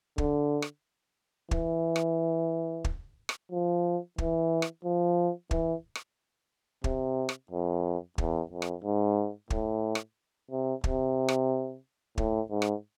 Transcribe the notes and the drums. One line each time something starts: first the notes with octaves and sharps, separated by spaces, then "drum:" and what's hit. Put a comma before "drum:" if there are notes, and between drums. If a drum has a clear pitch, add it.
D3, drum: kick
drum: rim click
E3, drum: kick
drum: rim click
drum: kick
drum: rim click
F3
E3, drum: kick
drum: rim click
F3
E3, drum: kick
drum: rim click
C3, drum: kick
drum: rim click
F2
E2, drum: kick
F2
drum: rim click
G#2
A2, drum: kick
drum: rim click
C3
C3, drum: kick
drum: rim click
A2, drum: kick
G#2
drum: rim click